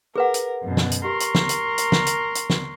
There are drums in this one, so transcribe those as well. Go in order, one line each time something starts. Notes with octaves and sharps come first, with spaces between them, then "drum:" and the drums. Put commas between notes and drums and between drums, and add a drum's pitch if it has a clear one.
G#4 A#4 B4 F#5
drum: hi-hat
F#2 B2
drum: snare
drum: hi-hat
G4 A#4 C6 C#6
drum: hi-hat
drum: snare
drum: hi-hat
drum: hi-hat
drum: snare
drum: hi-hat
drum: hi-hat
drum: snare